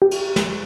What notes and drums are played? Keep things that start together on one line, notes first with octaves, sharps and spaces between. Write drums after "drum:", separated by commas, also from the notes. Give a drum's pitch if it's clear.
G4
drum: cymbal
drum: snare